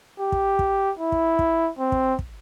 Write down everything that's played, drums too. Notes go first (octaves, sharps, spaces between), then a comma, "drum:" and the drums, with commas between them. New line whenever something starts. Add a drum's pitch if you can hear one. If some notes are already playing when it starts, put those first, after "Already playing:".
G4
drum: kick
drum: kick
E4
drum: kick
drum: kick
C4
drum: kick
drum: kick